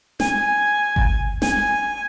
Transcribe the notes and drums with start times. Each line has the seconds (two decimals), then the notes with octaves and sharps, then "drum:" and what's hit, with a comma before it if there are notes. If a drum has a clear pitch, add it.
0.20 G#5, drum: snare
0.96 drum: kick G1
1.42 G#5, drum: snare